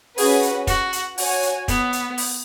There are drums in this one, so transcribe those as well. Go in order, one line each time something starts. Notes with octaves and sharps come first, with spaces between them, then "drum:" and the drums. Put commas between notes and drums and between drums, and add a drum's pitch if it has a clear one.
C#4 F#4 G#4 B4, drum: open hi-hat
drum: hi-hat
F#4, drum: kick, hi-hat
drum: hi-hat
F#4 C#5 G#5, drum: open hi-hat
drum: hi-hat
B3, drum: kick, hi-hat
drum: hi-hat
drum: open hi-hat